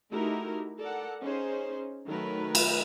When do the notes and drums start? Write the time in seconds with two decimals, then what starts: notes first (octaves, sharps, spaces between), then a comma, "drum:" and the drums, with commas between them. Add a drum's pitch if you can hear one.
0.11 A3 D#4 E4 F#4 G4 A#4
0.78 A4 A#4 D5 F#5
1.22 C#4 D#4 G#4 C5
2.07 D#3 F#3 A3 A#4 B4
2.55 drum: cymbal